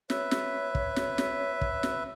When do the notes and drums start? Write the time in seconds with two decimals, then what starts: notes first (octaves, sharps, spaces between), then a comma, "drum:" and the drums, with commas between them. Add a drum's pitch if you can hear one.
0.10 B4 C#5 E5, drum: snare
0.31 drum: snare
0.75 drum: kick
0.96 drum: snare
1.18 drum: snare
1.61 drum: kick
1.83 drum: snare